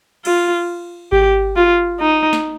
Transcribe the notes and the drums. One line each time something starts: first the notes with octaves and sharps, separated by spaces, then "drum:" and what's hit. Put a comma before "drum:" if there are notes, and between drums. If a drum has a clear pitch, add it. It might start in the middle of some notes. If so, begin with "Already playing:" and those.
F4, drum: cymbal
G4, drum: kick G#1
F4
D#4
drum: snare